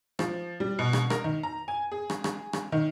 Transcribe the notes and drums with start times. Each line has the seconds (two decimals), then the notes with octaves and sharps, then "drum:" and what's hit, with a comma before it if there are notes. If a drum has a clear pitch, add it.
0.19 F3, drum: rim click
0.60 G3
0.79 B2
0.93 drum: rim click
1.10 A#4, drum: rim click
1.24 D#3
1.43 A#5
1.68 G#5
1.92 G#4
2.10 drum: rim click
2.24 drum: rim click
2.53 drum: rim click
2.72 D#3